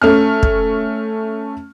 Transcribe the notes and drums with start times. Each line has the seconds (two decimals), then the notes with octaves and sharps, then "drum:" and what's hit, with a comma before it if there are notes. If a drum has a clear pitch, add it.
0.02 A3 C#4 F6
0.43 drum: kick